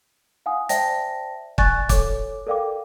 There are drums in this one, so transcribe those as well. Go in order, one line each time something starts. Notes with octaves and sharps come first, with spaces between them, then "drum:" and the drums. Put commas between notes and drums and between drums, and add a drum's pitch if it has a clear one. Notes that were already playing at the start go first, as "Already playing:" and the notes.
F5 F#5 G#5 D#6
C5 D5 E5 G5 A5 A#6, drum: hi-hat
D5 G#5 C#6 F#6 A6, drum: kick
A4 C#5 D6, drum: kick, hi-hat
A4 A#4 D5 F5 G5 D6